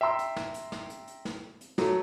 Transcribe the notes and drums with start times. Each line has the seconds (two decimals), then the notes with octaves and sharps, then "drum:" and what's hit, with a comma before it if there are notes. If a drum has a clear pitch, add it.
0.01 E5 G5 A#5 C6 E6
0.19 drum: hi-hat
0.36 drum: snare
0.54 drum: hi-hat
0.72 drum: snare
0.90 drum: hi-hat
1.08 drum: hi-hat
1.25 drum: snare
1.61 drum: hi-hat
1.78 F#3 A3, drum: snare